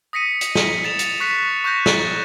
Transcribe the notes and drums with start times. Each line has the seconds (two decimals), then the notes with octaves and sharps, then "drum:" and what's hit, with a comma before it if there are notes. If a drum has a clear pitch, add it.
0.13 D#6 A#6 B6 C#7 D#7
0.41 drum: hi-hat
0.55 drum: snare
0.84 A6 C#7 E7 F7
0.99 drum: hi-hat
1.20 C#6 F#6 B6 C#7 E7
1.64 C#6 F#6 G6 A#6 E7
1.86 drum: snare